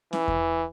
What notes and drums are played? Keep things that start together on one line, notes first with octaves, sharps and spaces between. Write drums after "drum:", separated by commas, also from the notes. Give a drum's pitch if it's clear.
E3, drum: snare C#4
drum: kick E2